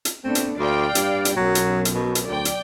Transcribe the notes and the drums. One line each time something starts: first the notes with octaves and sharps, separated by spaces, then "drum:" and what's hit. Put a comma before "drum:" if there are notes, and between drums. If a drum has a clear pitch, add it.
drum: hi-hat
A3 B3 C4 D4
drum: hi-hat
D2 D5 F5 G5
G2, drum: hi-hat
drum: hi-hat
B1 F#2 F#3
drum: hi-hat
drum: hi-hat
B2
drum: hi-hat
D2 D5 G5
drum: hi-hat